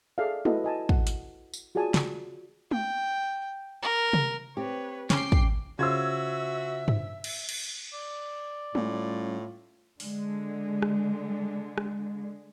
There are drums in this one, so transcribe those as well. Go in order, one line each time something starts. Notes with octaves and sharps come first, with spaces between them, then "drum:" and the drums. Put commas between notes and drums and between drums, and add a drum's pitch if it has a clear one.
G#4 A4 D5 E5 F5
E4 F#4 A4 B4 D#5, drum: tom
D#5 G#5 A5
F#5, drum: kick
drum: hi-hat
drum: tambourine
F4 F#4 G#4 D5 G#5 A5
drum: snare
G5, drum: tom
A#4
drum: tom C3
C4 G4 B4 C#5
C#4 G5 D6 C7, drum: snare
drum: kick
C#3 F4 F#4 C5 E5 E6 G#6
drum: tom G2
drum: cymbal
drum: cymbal
D5
A2 G3 C#4 F4, drum: tom
D3 G#3, drum: open hi-hat
drum: rim click
drum: rim click